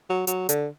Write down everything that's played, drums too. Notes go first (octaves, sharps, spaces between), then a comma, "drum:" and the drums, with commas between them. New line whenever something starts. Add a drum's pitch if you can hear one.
F#3
F#3, drum: hi-hat
D3, drum: hi-hat